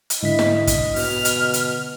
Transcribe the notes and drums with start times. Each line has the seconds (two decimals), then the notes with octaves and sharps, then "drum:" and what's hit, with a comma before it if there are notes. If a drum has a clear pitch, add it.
0.10 drum: hi-hat
0.23 G#2 D3 E4 D#5 B6
0.39 drum: snare
0.67 drum: kick, hi-hat
0.96 B2 F6, drum: open hi-hat
1.25 drum: hi-hat
1.54 drum: hi-hat